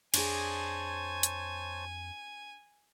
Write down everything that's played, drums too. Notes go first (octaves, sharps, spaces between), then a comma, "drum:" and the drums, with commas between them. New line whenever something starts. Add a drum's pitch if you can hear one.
F2 D4 G#4 C5 C#5 G#5 A5, drum: cymbal
drum: hi-hat